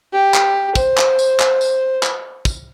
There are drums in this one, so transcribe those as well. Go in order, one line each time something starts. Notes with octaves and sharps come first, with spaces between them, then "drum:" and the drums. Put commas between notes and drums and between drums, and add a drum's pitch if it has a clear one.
G4
drum: clap
C5, drum: kick, tambourine
drum: clap
drum: tambourine
drum: clap
drum: tambourine
drum: clap
drum: kick, tambourine